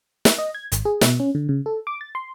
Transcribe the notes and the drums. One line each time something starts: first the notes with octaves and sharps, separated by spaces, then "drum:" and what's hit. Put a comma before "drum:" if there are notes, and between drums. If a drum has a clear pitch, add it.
drum: snare
D#5
G#6
G#1, drum: hi-hat
G#4
B2, drum: snare
C#4
D3
C#3
A4
D6
A6
C6